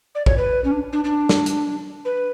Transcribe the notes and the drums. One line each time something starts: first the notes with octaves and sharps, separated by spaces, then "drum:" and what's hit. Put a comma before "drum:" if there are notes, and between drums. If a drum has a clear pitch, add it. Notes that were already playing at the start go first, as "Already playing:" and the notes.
D5
C#5, drum: kick
B4
C#4
D4
D4
D4
drum: snare
drum: hi-hat
B4